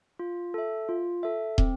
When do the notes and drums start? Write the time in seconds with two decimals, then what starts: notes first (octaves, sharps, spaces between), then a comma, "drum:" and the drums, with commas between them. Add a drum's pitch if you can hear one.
0.19 F4
0.54 A4 E5
0.89 F4
1.23 A4 E5
1.58 C4, drum: kick